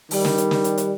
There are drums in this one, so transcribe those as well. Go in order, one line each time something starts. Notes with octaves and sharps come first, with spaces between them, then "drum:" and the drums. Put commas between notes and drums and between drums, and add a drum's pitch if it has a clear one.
D#3 G3, drum: open hi-hat
drum: snare
drum: hi-hat
drum: snare
drum: hi-hat
drum: hi-hat